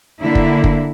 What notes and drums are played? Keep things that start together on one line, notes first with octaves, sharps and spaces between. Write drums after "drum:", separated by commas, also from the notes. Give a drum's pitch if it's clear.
D3 A#3 E4
drum: kick
drum: kick